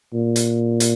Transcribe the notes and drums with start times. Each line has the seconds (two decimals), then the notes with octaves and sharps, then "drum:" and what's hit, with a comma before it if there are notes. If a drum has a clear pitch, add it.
0.14 A#2
0.36 drum: hi-hat
0.80 drum: hi-hat